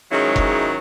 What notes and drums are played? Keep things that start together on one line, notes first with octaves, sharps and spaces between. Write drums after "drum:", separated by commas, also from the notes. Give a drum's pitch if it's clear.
G#2 D#3 F#3 G#3 C#4 E4
drum: kick F#1